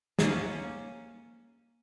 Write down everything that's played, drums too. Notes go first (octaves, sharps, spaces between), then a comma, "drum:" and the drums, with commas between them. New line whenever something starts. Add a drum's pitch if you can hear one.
A#3 C#4, drum: snare